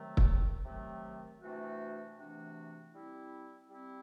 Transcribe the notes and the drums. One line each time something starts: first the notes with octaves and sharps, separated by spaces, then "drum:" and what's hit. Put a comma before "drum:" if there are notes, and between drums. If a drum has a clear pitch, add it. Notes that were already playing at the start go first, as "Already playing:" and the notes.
Already playing: C3 D#3 F#3 A3
drum: kick
C3 D#3 F#3 A3
C3 E3 A3 D4 F#4
C3 E3 A3 D4 F#4
G3 C4 E4
G3 C4 E4